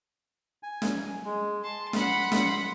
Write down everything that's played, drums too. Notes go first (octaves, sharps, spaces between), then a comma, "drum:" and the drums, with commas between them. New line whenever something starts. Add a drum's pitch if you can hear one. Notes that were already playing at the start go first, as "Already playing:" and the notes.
G#5
drum: snare
G#3
A5 C6
F#5 B5, drum: snare
drum: snare